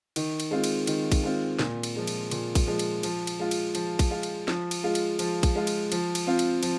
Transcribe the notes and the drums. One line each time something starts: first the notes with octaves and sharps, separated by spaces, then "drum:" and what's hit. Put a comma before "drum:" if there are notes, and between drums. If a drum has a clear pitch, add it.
D#3, drum: cymbal
drum: cymbal
G#3 C4 F4
drum: cymbal
D#3, drum: cymbal
drum: kick A#1, cymbal
G#3 C4 F4
A#2, drum: snare
drum: cymbal
F3 G#3
drum: cymbal
A#2, drum: cymbal
drum: kick A#1, cymbal
F3 G#3
drum: cymbal
F3, drum: cymbal
drum: cymbal
G#3 F4
drum: cymbal
F3, drum: cymbal
drum: kick A#1, cymbal
G#3 F4
drum: cymbal
F3, drum: snare
drum: cymbal
G#3 F4
drum: cymbal
F3, drum: cymbal
drum: kick A#1, cymbal
G#3 F4
drum: cymbal
F3, drum: cymbal
drum: cymbal
C4 F4
drum: cymbal
F3, drum: cymbal